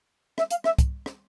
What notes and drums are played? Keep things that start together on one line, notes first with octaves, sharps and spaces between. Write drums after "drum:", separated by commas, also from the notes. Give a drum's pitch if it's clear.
E5, drum: rim click
F5, drum: hi-hat
E5, drum: rim click
drum: kick, hi-hat
drum: rim click